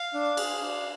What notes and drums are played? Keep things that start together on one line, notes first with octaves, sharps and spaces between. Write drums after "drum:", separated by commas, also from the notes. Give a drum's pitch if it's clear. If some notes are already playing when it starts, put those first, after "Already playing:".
Already playing: F5
D4
G#4, drum: cymbal
D4